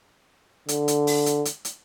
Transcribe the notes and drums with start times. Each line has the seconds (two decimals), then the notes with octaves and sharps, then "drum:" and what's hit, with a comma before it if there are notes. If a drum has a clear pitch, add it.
0.68 D3, drum: hi-hat
0.88 drum: hi-hat
1.07 drum: open hi-hat
1.26 drum: hi-hat
1.45 drum: hi-hat
1.65 drum: hi-hat